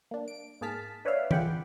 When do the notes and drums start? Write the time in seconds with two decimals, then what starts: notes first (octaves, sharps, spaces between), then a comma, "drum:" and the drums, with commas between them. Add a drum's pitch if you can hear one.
0.11 A#3 D4
0.28 D7
0.61 G#2 A#3 G#4 A5 F6 B6
1.05 D4 B4 C#5 D5 E5 F5
1.31 F4 G#4 F#5 G5 B5 D6, drum: tom E3